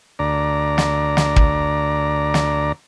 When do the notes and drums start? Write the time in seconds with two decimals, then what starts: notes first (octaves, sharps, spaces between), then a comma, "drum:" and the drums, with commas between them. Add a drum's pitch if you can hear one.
0.19 D2 D5 A#5
0.78 drum: snare
1.17 drum: snare
1.36 drum: kick
2.34 drum: snare